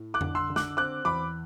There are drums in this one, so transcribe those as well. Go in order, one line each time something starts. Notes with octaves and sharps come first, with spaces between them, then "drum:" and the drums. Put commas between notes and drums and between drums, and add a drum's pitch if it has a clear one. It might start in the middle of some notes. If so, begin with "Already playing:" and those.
Already playing: A2
D6 F#6
D3, drum: tom F2
C6 E6
D3
D6 F#6, drum: snare
C4 D6 F#6
E2 B5 D6